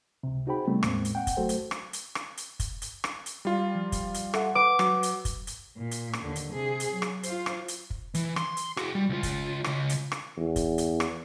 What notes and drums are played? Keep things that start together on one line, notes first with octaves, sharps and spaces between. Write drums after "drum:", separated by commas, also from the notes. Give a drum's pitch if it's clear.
C#2 C3
D#4 F#4 G#4 C5 G5 B5
C3 G3 A3 B3 C4
E2 A2 G#3 A#3 C4, drum: rim click
drum: hi-hat
F#5 G5
drum: kick, hi-hat
F#3 A3 F#4 A4 C5
drum: hi-hat
drum: rim click
drum: hi-hat
drum: rim click
drum: hi-hat
drum: kick, hi-hat
drum: hi-hat
drum: rim click
drum: hi-hat
G3 F4
F3
drum: kick, hi-hat
drum: hi-hat
A4 E5 F#5, drum: rim click
B4 F#5 D6
F#3, drum: rim click
drum: hi-hat
drum: kick, hi-hat
drum: hi-hat
A#2
drum: hi-hat
drum: rim click
D#2 D3
drum: hi-hat
C3 G#4
drum: hi-hat
F#3
drum: rim click
F4 C5, drum: hi-hat
drum: rim click
drum: hi-hat
drum: kick
E3, drum: hi-hat
C6, drum: rim click
drum: hi-hat
F#4 G#4, drum: rim click
G3
C#2 F4
drum: kick, hi-hat
C#3 F4, drum: rim click
drum: hi-hat
drum: rim click
E2
drum: kick, hi-hat
drum: hi-hat
drum: rim click